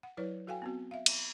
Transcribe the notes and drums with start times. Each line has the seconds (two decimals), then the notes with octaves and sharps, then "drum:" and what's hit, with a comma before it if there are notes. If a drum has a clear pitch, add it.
0.03 F#5
0.17 F#3 E4 B4 C#5 D5
0.47 F#4 A4 F5 G5 G#5
0.62 B3 C4 F#4
0.91 E5 F5
1.06 drum: cymbal